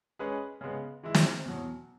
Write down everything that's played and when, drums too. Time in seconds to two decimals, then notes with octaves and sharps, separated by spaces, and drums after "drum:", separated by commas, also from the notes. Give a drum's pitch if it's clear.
0.19 G#3 C#4 G#4 B4
0.61 C#3 G#3 B3
1.03 E3 G#3 E4
1.14 drum: snare
1.45 E2 B2 F#3